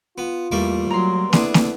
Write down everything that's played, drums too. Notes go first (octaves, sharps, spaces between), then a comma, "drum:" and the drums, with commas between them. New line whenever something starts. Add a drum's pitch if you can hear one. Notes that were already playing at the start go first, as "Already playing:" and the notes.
B3 F4
E2 G3 A3 A#3
F#3 A#5 C6
A3 B3 D4 E4 G#4, drum: snare
drum: snare